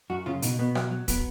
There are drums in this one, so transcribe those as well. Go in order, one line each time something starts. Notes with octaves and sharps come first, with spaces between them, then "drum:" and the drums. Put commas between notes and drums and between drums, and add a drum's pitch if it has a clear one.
F#2 F#4
C#3 F4
B2 D#4, drum: hi-hat
B2 B3
F#3, drum: rim click
F#3
F#3 B3, drum: kick, hi-hat